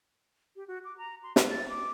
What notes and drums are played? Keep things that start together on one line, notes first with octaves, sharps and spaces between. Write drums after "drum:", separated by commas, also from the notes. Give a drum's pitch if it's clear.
G4
F#4
D6
A#5
C6
F#5, drum: snare
A6
D6